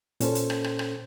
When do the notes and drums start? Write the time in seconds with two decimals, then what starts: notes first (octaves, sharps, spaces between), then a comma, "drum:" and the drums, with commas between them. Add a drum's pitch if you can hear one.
0.20 A#2 C#4 A4 C5, drum: hi-hat
0.35 drum: hi-hat
0.50 drum: rim click
0.64 drum: rim click
0.79 drum: rim click